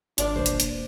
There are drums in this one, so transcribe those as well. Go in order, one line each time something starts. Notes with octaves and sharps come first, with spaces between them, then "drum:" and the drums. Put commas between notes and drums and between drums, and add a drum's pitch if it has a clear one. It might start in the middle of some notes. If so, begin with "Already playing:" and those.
G#1 D4 F4 D5, drum: hi-hat
E1 A#3 C5
drum: hi-hat
drum: hi-hat